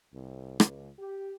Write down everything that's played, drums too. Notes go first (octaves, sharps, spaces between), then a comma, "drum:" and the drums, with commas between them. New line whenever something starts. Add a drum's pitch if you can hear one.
C2
C#2, drum: rim click
G4